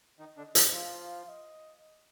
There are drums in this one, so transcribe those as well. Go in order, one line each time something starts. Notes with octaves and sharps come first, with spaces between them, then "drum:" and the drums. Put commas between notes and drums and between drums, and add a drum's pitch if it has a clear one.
D#3 D#4 D#5
D3 D4
F3 F4, drum: hi-hat
F3 F4 F5
D#5